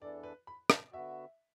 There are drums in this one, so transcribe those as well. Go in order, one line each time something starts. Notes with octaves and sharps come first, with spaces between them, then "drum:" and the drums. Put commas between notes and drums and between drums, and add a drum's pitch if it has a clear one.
E2 E3 D4 A4 D5
B4
B5
A5, drum: rim click
D3 B3 F#4 E5